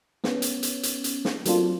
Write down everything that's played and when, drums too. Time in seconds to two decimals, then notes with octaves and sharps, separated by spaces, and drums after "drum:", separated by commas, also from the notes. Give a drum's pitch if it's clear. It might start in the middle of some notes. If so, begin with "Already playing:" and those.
0.24 B3 C#4, drum: snare
0.42 drum: hi-hat
0.63 drum: hi-hat
0.83 drum: hi-hat
1.04 drum: hi-hat
1.25 drum: snare
1.45 F#3 A3 A#3 C4 D4 F4, drum: hi-hat